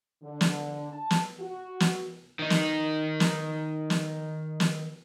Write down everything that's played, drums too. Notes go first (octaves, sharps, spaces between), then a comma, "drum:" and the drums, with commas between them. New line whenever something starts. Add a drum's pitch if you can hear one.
D3
drum: snare
A5
drum: snare
F#4
drum: snare
D#3 D#4
drum: snare
drum: snare
drum: snare
drum: snare